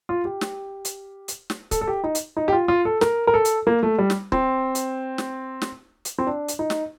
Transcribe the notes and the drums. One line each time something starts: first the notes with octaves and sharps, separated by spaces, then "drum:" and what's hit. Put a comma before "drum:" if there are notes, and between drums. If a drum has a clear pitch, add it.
F4
G4
drum: snare
drum: hi-hat
drum: hi-hat
drum: snare
A4, drum: kick C#1, hi-hat
A4
G4
D#4
drum: hi-hat
D#4
G4
F4
F4
A4
A#4, drum: snare
A#4
A4
drum: hi-hat
A#3
A3
G3
drum: snare
C4, drum: kick C#1
drum: hi-hat
drum: snare
drum: snare
drum: hi-hat
C4
D4
drum: hi-hat
D#4
drum: snare